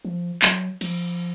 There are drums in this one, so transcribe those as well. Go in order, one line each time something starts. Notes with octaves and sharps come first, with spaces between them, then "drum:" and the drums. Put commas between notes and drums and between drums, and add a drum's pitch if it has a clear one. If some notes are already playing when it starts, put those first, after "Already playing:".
F3
F#3, drum: clap
F3, drum: cymbal